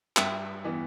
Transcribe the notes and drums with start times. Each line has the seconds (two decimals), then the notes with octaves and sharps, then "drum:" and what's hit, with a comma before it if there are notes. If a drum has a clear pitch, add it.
0.17 G2 E5 G5, drum: clap
0.64 E3 B3